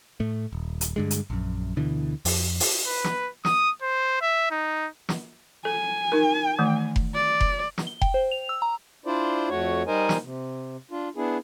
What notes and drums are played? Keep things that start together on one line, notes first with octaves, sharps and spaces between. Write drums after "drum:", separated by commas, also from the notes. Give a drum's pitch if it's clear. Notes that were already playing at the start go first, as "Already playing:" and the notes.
A2 A3
D#1
drum: hi-hat
G2 D3 G#3
drum: hi-hat
A#1 F#2
D2 B2 D3 E3
F2, drum: open hi-hat
drum: open hi-hat
B4
drum: snare
D#6, drum: snare
C5
E5
D#4
drum: snare
A4 G#5
D#4 A#4
D#3 E3 A3
drum: kick F1
D5
drum: kick F1
drum: snare
G7
G5, drum: kick F1
C5
F7
E6
A#5
D4 E4 F4 C5 D5
F2 A3 F#4 C#5
G3 D#4 A#4 C5 D#5 G#5
drum: snare
C3
D4 F4
B3 D4 E4 G#4